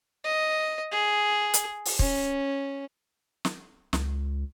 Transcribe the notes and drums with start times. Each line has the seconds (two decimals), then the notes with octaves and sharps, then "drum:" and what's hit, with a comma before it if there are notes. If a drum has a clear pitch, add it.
0.24 D#5
0.92 G#4
1.54 drum: hi-hat
1.85 drum: open hi-hat
1.99 C#4, drum: kick
3.45 drum: snare
3.93 C#2, drum: snare